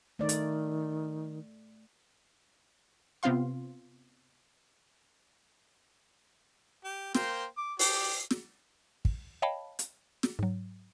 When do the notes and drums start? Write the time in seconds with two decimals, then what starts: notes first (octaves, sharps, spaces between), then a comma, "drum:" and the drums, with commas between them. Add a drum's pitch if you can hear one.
0.19 D#3 A3 D5
0.29 drum: hi-hat
3.23 C3 B3 C4 F4 F5 C6
6.84 G4
7.15 A#3 C5 G5, drum: snare
7.57 D6
7.79 G4 D5, drum: open hi-hat
8.31 drum: snare
9.05 drum: kick
9.42 C#5 D#5 F5 G5 A5 B5
9.79 drum: hi-hat
10.23 drum: snare
10.39 G#2 F#3